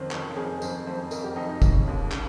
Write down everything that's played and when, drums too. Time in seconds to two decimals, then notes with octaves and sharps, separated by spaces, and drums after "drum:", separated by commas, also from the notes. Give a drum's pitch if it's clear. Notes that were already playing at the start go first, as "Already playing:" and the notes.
Already playing: F2 D#3 C4 C#4 C5
0.11 D#3 C#5, drum: clap
0.36 F2 G#4
0.62 F2 C5, drum: tambourine
0.87 F2 C5
1.11 F2 A#4, drum: tambourine
1.24 G4
1.36 F2 D#4
1.49 D#4
1.62 C#3 C#4, drum: kick, tambourine
1.88 D#2
2.12 C#3, drum: clap